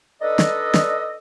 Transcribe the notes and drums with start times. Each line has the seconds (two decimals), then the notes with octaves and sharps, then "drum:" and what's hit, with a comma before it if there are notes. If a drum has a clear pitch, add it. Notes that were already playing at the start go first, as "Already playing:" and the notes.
0.21 D4 D#4 A4 B4 D5 D#5
0.39 drum: snare
0.74 drum: snare